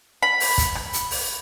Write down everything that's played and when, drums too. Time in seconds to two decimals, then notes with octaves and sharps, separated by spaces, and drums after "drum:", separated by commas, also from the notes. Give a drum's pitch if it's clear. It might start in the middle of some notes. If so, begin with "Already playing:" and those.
0.22 B5
0.40 drum: open hi-hat
0.58 drum: kick, hi-hat
0.75 drum: rim click
0.93 drum: hi-hat
1.11 drum: open hi-hat